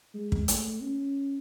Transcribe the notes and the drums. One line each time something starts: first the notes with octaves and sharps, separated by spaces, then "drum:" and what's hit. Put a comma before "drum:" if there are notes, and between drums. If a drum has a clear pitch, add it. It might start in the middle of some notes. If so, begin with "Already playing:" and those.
G#3
drum: kick
A3, drum: hi-hat
C#4